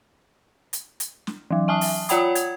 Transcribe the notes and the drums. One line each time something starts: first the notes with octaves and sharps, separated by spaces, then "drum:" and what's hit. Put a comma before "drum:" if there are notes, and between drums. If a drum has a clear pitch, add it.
drum: hi-hat
drum: hi-hat
drum: snare
E3 F#3
E5 G#5 A5 D#6
drum: open hi-hat
F4 C#5 F#5 G5 B5 D#6, drum: hi-hat
G#6, drum: hi-hat